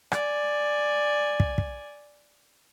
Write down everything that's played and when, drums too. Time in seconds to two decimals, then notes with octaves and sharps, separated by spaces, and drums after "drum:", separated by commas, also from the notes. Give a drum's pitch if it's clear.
0.12 D5 G#5, drum: rim click
1.40 drum: kick
1.58 drum: kick